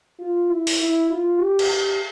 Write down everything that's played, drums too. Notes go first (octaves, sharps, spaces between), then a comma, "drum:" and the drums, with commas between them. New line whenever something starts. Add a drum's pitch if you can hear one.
F4
E4
drum: open hi-hat
E4
F4
G4
drum: cymbal
G4